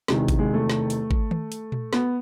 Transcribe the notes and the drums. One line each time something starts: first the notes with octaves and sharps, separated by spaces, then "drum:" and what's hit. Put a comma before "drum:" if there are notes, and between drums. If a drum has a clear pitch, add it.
E2 C3 D#3 G#3, drum: snare
drum: kick G#1, hi-hat
G#3
A3
drum: snare
drum: hi-hat
drum: kick G#1
drum: tom D#3
drum: hi-hat
drum: tom A#2
B3, drum: snare